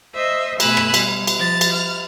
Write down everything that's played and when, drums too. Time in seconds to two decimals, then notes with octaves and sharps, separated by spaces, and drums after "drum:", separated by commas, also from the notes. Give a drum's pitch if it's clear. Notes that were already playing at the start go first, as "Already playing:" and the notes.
0.15 C5 D#5 E5
0.60 B2 A3 G#5 B5 E6 F#6, drum: cymbal
0.77 drum: rim click
0.94 G3, drum: cymbal
1.27 drum: cymbal
1.37 F3 A6
1.61 drum: cymbal
1.72 F6